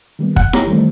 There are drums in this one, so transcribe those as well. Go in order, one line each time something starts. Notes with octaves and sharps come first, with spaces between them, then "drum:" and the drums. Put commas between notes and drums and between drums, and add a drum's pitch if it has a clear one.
D#3 G3 A#3 B3
F#5, drum: kick
D#4 G4 C#5 A#5, drum: snare E4
D#3 E3 G3 A3 C4